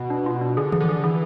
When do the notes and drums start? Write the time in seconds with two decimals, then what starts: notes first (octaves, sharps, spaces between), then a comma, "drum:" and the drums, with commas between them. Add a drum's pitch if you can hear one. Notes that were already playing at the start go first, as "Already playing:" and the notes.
Already playing: B2
0.10 D4
0.26 F4
0.41 D4
0.57 D3 G#4
0.72 G#4, drum: tom D#3
0.80 D3
0.89 G#4
1.04 E3 G#4